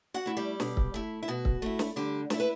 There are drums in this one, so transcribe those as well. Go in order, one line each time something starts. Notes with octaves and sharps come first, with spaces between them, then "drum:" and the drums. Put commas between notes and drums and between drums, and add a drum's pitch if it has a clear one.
F#4 F#5
A3 E4
G3 G4
B2, drum: snare
drum: kick
A3 E4
E4
B2 F#4
drum: kick
A3 E4
drum: snare
D3 G3 G4
A3 E4 A4, drum: snare
B4